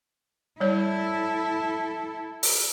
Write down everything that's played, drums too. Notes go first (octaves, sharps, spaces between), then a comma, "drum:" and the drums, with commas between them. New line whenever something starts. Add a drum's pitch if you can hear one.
G3 E4 A4 C#5
drum: open hi-hat